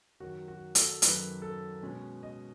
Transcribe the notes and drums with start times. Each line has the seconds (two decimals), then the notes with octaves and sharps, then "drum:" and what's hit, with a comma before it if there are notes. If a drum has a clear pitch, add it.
0.20 F#2 D#3 F#3 F#4
0.48 F#4
0.75 A4, drum: hi-hat
1.02 F#2 D#3 F#3 B4, drum: hi-hat
1.42 A4
1.83 B2 G#3 C#4
2.23 D#5